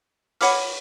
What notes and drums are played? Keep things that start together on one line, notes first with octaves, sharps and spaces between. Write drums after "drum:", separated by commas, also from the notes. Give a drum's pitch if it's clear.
C#5 F#5 B5 D6 F6, drum: open hi-hat